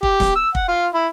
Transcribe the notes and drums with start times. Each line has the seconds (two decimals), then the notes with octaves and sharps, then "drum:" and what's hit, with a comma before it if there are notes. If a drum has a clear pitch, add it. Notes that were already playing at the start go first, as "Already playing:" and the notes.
0.03 G4, drum: kick
0.20 drum: snare
0.35 E6
0.55 F#5, drum: kick
0.68 F4
0.95 E4